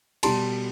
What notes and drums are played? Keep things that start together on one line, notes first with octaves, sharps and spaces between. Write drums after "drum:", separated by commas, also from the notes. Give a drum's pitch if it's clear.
B2 G3 A5 C6, drum: cymbal